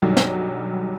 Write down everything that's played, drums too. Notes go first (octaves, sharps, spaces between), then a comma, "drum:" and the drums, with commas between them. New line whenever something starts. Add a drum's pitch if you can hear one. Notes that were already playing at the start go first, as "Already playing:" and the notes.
B1 G2 D#3 F#3 G3
drum: snare